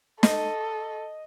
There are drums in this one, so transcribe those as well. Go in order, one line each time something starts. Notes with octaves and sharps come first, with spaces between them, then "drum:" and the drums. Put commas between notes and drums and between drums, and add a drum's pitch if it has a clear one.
A4 D#5, drum: snare